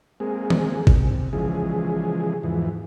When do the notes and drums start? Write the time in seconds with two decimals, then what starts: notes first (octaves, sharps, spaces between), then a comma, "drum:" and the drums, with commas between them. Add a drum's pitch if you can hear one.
0.20 G#3 A#3 C4 G#4
0.50 drum: tom D#3
0.87 C3, drum: kick G#1
1.33 C#3 E3 F3 G#3 G#4
2.43 E2 G#2 E3 F3